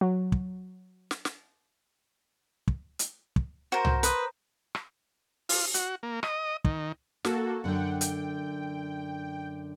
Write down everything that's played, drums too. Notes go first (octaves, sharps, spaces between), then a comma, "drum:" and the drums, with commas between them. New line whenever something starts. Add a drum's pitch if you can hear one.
F#3
drum: kick
drum: snare
drum: snare
drum: kick
drum: hi-hat
drum: kick
F#4 A#4 C5
drum: tom C2
B4 D#6, drum: hi-hat
drum: rim click
F4, drum: open hi-hat
F#4, drum: hi-hat
A#3
D#5, drum: rim click
D#3, drum: kick
A#3 F#4 A4 F5, drum: snare
F#2 D3 F#5 G5
G5, drum: hi-hat